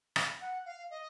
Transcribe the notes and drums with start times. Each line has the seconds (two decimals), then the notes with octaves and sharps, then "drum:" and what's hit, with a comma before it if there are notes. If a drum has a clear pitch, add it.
0.16 B5, drum: rim click
0.41 F#5
0.65 F5
0.90 D#5